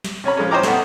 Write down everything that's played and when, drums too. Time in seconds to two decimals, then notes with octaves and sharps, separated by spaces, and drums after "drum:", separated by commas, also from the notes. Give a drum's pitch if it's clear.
0.04 drum: snare
0.24 C3 C#4 C#5 B5
0.37 F3 G#3 C#4
0.51 C5 C#5 D#5 G5 A#5 D6
0.64 A3 B3, drum: snare